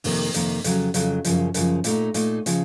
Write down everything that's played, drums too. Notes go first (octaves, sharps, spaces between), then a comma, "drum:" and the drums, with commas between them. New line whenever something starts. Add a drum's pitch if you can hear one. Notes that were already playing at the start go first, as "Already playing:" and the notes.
F2 C3 D#3 A#3, drum: open hi-hat
F2 C3 D#3 A#3, drum: hi-hat
F2 C#3 F#3, drum: hi-hat
F2 C#3 F#3, drum: hi-hat
F#2 C#3 F3, drum: hi-hat
F#2 C#3 F3, drum: hi-hat
A#2 A3 D#4, drum: hi-hat
A#2 A3 D#4, drum: hi-hat
C#3 F3, drum: hi-hat